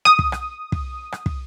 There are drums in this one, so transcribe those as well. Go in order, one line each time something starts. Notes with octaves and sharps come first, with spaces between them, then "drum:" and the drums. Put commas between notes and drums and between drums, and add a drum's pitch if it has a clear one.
D#6, drum: rim click
drum: kick
drum: rim click
drum: kick
drum: rim click
drum: kick